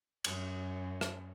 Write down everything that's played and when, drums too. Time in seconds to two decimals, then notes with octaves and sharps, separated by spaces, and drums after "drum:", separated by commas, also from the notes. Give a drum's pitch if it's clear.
0.24 F#2, drum: cymbal
1.01 drum: rim click